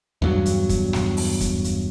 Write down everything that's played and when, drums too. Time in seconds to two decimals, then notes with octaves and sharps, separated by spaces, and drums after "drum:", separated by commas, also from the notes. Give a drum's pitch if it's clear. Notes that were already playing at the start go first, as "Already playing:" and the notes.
0.22 E2 G2 F#3
0.46 drum: hi-hat
0.69 drum: kick, hi-hat
0.93 drum: snare
1.17 drum: open hi-hat
1.41 drum: kick, hi-hat
1.64 drum: hi-hat